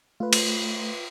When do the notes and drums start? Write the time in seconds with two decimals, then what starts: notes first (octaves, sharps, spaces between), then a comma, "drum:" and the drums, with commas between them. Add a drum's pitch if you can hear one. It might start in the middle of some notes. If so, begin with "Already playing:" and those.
0.20 A3 F4 B4
0.33 drum: cymbal